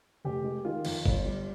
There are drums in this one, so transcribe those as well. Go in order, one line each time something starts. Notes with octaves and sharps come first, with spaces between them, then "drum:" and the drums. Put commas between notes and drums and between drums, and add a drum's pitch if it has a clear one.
F1 G4
G#3
D#3 F4
F2, drum: cymbal
G1, drum: kick G1
G3